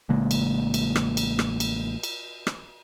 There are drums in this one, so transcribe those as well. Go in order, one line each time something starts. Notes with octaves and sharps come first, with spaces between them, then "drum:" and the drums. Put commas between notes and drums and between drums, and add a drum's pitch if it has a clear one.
A1 C#3 G#3 A#3
drum: cymbal
drum: cymbal
drum: rim click
drum: cymbal
drum: rim click
drum: cymbal
drum: cymbal
drum: rim click